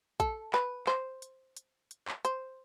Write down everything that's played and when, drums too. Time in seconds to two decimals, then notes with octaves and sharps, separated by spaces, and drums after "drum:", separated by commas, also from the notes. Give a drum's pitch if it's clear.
0.20 A4, drum: kick, hi-hat
0.54 B4, drum: clap
0.87 C5, drum: clap
1.22 drum: hi-hat
1.57 drum: hi-hat
1.91 drum: hi-hat
2.08 drum: clap
2.25 C5, drum: hi-hat